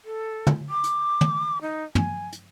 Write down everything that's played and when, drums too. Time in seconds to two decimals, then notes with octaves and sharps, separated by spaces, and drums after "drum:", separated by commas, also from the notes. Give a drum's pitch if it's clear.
0.05 A4
0.47 drum: tom
0.69 D6
0.84 drum: hi-hat
1.21 drum: tom
1.61 D#4
1.95 G#5, drum: tom
2.32 drum: hi-hat